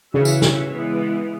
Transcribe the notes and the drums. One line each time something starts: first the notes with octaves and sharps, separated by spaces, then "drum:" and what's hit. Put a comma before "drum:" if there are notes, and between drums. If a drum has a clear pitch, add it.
C#3 E3 C#4 F#4 C#5 E5
drum: tambourine
drum: snare
E3 G#3 B3